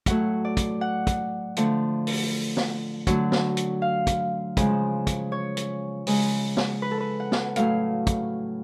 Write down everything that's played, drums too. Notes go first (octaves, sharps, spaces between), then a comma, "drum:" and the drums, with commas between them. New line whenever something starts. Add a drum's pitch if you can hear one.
A2 F#3 A3 F#5, drum: kick, hi-hat
D5
drum: kick, hi-hat
F#5
drum: kick, hi-hat
D3 F3 A3, drum: hi-hat
drum: open hi-hat
drum: snare
D3 F#3 A3, drum: kick, hi-hat
drum: snare
drum: hi-hat
F5
drum: kick, hi-hat
C#3 F3 G#3, drum: kick, hi-hat
drum: kick, hi-hat
C#5
drum: hi-hat
C#3 G#3, drum: open hi-hat
drum: snare
B4
A4
B4
F#5
drum: snare
A2 F#3 A3 F5, drum: hi-hat
drum: kick, hi-hat